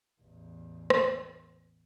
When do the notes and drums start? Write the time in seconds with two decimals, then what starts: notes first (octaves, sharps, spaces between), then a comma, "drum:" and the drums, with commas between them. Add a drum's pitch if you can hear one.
0.21 A1 E2
0.90 drum: rim click